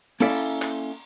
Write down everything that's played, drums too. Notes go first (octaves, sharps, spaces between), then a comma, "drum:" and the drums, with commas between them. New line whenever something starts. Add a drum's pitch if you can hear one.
A#3 C#4 E4 A4 D5 E5, drum: cymbal
drum: clap